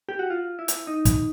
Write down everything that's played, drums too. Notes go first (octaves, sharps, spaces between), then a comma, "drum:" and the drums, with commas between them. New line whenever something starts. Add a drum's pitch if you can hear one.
G4
F#4
F4
E4
drum: hi-hat
D#4
drum: kick, hi-hat